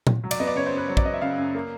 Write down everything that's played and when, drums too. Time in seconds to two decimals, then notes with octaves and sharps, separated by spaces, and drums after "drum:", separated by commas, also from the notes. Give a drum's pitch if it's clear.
0.07 drum: tom A#2
0.24 F#3
0.31 D5, drum: cymbal
0.39 B3 D#5
0.47 D5
0.55 C#3 C#5
0.66 C5
0.72 F#2
0.77 B4
0.88 F#3 C#5
0.97 D5, drum: kick
1.05 B3 D#5
1.13 E5
1.21 C#3 F5
1.38 F#2
1.55 A#3